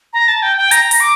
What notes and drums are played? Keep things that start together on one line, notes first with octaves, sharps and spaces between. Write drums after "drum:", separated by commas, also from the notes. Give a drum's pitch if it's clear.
A#5
A5
G5
G5
A#5, drum: hi-hat
drum: open hi-hat
D6